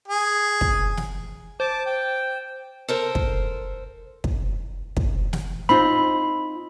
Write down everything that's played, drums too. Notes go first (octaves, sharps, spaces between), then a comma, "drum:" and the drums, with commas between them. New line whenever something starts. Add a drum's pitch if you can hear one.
G#4
drum: kick
drum: snare
C5 A5 D6
G5
A4 A#4 C5
drum: kick
drum: kick
drum: kick
drum: snare
C4 D#4 F4 B5